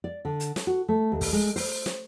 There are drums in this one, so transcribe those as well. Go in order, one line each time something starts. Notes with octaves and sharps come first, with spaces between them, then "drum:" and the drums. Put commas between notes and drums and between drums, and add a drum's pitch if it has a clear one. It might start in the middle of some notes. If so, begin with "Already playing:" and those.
D5
D3
drum: hi-hat
drum: snare
F#4
A3
D#2
drum: kick, open hi-hat
G#3
C5, drum: open hi-hat
drum: snare